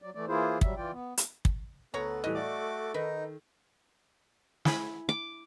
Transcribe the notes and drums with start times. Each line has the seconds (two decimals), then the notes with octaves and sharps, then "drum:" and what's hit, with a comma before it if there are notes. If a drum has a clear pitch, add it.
0.02 F#3 D5
0.15 E3 A3 D5
0.28 E3 A#3 E4 F4 G#4 C5
0.61 F#3 G3 E5, drum: kick
0.77 E3 F4 D5 G5
0.92 B3
1.18 drum: hi-hat
1.45 drum: kick
1.94 D2 B3 A4 C#5 A#5
2.24 A2 E3 G3 B4 D#5
2.35 A3 F#4 D5 D6
2.94 D#3 D#4 A#4 B4
4.65 E4 G#5 B5, drum: snare
5.09 D6